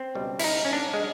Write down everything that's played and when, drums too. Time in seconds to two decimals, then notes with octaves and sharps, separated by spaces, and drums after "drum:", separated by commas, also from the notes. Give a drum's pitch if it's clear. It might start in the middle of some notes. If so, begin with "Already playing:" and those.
Already playing: C4
0.15 C#2 B2 G3
0.39 E4, drum: cymbal
0.44 D#4
0.65 C#4
0.73 D4
0.93 G#3